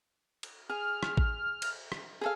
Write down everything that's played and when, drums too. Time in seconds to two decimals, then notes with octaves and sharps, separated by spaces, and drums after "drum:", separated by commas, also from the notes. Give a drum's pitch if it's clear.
0.43 drum: cymbal
0.69 G#4 F6
1.03 drum: rim click
1.17 drum: kick A1
1.62 drum: cymbal
1.92 drum: rim click
2.21 G#4 A4 F5